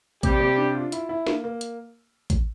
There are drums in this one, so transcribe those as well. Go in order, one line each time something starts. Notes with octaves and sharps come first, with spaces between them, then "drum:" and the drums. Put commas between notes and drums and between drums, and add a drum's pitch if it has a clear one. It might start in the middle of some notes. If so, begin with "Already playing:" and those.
C3 G3 G4, drum: kick A1, hi-hat
C3
D4
F4
E4, drum: hi-hat
E4
A#3, drum: snare
A#3
drum: hi-hat
drum: kick A1, hi-hat